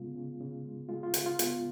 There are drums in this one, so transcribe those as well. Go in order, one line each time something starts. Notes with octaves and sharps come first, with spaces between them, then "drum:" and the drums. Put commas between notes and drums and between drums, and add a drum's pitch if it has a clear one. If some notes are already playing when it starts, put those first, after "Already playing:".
Already playing: C#3 G#3 B3 F4
C#3
C#3
G#3
G#3 F4
F4
C#3, drum: hi-hat
F4
B3, drum: hi-hat